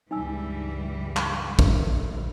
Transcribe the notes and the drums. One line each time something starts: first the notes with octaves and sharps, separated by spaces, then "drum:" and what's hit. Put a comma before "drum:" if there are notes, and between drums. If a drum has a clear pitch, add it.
C#2 G2 E3 G3 G#3 D#4 G#5 E6
drum: clap
drum: kick